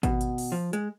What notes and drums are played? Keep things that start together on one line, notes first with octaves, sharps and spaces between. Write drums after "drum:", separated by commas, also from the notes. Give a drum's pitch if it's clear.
B2, drum: kick G#1, hi-hat
drum: hi-hat
drum: open hi-hat
F3
G#3, drum: hi-hat